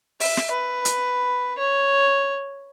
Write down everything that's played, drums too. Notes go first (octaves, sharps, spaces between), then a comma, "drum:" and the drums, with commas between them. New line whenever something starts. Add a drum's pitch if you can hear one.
E5, drum: open hi-hat
drum: snare
B4
drum: hi-hat
C#5